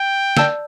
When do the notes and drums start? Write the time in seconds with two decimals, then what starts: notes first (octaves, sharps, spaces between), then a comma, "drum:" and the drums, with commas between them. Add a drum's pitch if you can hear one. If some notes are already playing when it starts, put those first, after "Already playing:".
Already playing: G5
0.37 D5 A5 E6 G6, drum: snare